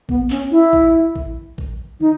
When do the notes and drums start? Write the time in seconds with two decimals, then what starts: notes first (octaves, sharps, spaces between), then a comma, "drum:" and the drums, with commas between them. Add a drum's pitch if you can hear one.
0.09 B3, drum: kick
0.30 C#4, drum: clap
0.51 E4
0.73 drum: kick
1.16 drum: kick
1.58 drum: kick
2.00 D#4, drum: tom